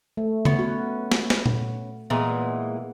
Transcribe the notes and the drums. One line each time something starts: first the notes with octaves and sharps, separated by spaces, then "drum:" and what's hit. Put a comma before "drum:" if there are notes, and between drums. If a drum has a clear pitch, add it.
A3
B3 C#4, drum: tom C#3
F#4
drum: snare
drum: snare
drum: tom A#2
A#2 E3 G#3 B3